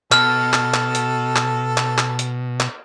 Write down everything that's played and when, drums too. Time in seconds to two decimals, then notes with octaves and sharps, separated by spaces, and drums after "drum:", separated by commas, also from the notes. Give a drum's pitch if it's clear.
0.12 B2 A4 F6, drum: clap
0.53 drum: clap
0.74 drum: clap
0.95 drum: hi-hat
1.36 drum: clap
1.78 drum: clap
1.98 drum: clap
2.19 drum: hi-hat
2.60 drum: clap